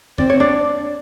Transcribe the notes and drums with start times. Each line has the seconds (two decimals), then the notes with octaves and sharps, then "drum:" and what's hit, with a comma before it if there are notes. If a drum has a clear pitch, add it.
0.18 C4 D5, drum: tom F2
0.30 C#5
0.40 D4 D5